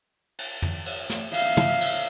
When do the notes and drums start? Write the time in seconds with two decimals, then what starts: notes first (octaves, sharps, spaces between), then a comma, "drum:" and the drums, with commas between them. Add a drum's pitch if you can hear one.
0.39 drum: cymbal
0.62 drum: tom
0.86 drum: cymbal
1.10 drum: snare
1.33 E5 F5, drum: cymbal
1.57 drum: tom
1.81 drum: cymbal